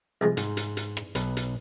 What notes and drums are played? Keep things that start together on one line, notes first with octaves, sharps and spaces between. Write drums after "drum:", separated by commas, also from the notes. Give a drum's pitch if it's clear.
C2 F3 G#3
G#2, drum: hi-hat
drum: hi-hat
drum: hi-hat
drum: rim click
B1 B4, drum: hi-hat
drum: hi-hat